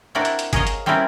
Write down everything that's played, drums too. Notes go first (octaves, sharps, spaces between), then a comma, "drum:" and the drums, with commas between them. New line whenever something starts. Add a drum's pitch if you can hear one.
C4 D4 E4 F#4 A#4 D5
drum: hi-hat
drum: hi-hat
G#4 A#4 C#5 D#5 F5, drum: kick G1, hi-hat
drum: hi-hat
G3 C4 C#4 E4 A#4 D5